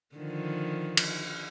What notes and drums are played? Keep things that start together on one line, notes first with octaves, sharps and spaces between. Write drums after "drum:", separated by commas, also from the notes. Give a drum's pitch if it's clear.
D3 D#3 F3
drum: cymbal